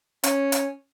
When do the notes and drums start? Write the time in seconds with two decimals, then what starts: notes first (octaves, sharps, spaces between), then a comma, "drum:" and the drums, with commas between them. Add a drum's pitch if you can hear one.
0.23 C#4, drum: hi-hat
0.52 drum: hi-hat